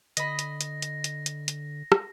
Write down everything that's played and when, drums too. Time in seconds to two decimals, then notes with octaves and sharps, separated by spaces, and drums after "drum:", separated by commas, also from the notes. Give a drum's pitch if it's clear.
0.17 D3 D#5 B5 A#6, drum: hi-hat
0.39 drum: hi-hat
0.61 drum: hi-hat
0.82 drum: hi-hat
1.04 drum: hi-hat
1.26 drum: hi-hat
1.48 drum: hi-hat
1.92 drum: rim click